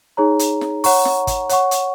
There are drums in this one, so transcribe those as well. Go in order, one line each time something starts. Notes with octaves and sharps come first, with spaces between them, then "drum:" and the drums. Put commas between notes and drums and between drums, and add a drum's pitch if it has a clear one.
D#4 G#4 C#5 A#5
drum: hi-hat
drum: snare
C#5 F#5 A#5 C#6, drum: open hi-hat
drum: snare
drum: kick, hi-hat
C#5 F#5 C#6, drum: hi-hat
drum: hi-hat